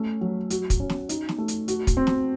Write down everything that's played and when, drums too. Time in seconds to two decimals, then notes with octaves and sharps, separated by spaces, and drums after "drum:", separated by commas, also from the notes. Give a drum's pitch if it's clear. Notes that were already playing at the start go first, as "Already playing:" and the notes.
Already playing: A3 C#4
0.21 F#3
0.50 F#4, drum: hi-hat
0.70 drum: kick, hi-hat
0.80 C#4
0.90 drum: snare
1.09 D#4, drum: hi-hat
1.29 drum: snare
1.38 A3
1.48 drum: hi-hat
1.68 F#4, drum: hi-hat
1.87 drum: kick, hi-hat
1.97 C4
2.07 drum: snare